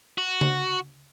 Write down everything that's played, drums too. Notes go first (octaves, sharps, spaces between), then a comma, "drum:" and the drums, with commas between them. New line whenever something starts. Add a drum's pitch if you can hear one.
F#4
drum: tom C#3